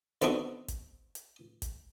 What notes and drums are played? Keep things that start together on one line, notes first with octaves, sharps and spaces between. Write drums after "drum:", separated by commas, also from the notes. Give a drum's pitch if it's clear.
D3 B3 C4 D4 D#4 F#4, drum: hi-hat
drum: kick, hi-hat
drum: hi-hat
drum: kick, hi-hat